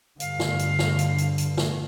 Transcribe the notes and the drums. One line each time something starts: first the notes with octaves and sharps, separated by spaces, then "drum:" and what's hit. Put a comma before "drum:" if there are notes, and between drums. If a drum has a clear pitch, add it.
G2 D3 F5, drum: hi-hat
drum: snare
drum: hi-hat
drum: snare
drum: hi-hat
drum: hi-hat
drum: hi-hat
drum: snare